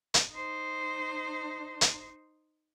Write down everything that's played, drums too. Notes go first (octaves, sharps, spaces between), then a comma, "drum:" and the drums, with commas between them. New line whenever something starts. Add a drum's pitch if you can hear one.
drum: hi-hat
D#4 C5
drum: hi-hat